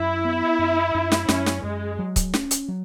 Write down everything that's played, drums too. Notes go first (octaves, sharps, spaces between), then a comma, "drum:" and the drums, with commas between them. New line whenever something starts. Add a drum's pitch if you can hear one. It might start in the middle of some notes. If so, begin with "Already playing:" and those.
Already playing: F#2 E4
B3
F#2
F#2
drum: snare
F#2 C#4, drum: snare
drum: snare
F#2 G#3
F#3
drum: kick C#1, hi-hat
C#4, drum: snare
drum: hi-hat
F#3